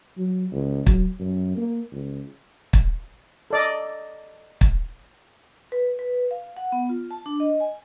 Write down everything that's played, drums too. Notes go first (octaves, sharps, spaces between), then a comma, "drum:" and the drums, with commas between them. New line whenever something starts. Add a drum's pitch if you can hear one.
F#3
C#2
F#3, drum: kick
F#2
A#3
C#2
drum: kick
A4 D5 D#5
drum: kick
B4
B4
F5
F#5
B3
F4
A5
D4
D#5
G#5